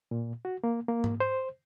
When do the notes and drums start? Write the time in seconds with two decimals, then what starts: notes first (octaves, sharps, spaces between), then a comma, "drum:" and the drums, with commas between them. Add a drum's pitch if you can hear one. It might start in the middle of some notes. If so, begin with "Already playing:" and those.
0.11 A#2
0.45 F#4
0.64 A#3
0.88 A#3
1.04 drum: tom G#2
1.20 C5